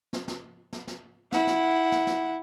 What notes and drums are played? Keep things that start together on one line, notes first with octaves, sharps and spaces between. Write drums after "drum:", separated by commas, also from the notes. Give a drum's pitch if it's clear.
drum: snare
drum: snare
drum: snare
drum: snare
E4 F#5, drum: snare
drum: snare
drum: snare
drum: snare